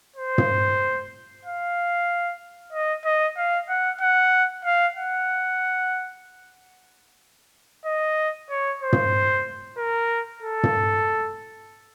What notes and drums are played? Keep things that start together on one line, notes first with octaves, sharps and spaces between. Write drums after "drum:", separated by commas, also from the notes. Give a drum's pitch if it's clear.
C5
drum: tom
F5
D#5
D#5
F5
F#5
F#5
F5
F#5
D#5
C#5
C5
drum: tom
A#4
A4
drum: tom